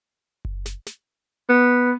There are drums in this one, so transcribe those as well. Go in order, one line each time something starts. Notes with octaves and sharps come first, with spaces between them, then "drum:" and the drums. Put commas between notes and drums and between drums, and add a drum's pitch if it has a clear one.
drum: kick F#1
drum: snare
drum: snare
B3